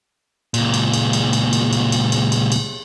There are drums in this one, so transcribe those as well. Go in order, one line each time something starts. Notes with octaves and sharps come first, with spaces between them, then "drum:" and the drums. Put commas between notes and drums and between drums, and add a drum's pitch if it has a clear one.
C#2 A#2, drum: cymbal
drum: cymbal
drum: cymbal
drum: cymbal
drum: cymbal
drum: cymbal
drum: cymbal
drum: cymbal
drum: cymbal
drum: cymbal
drum: cymbal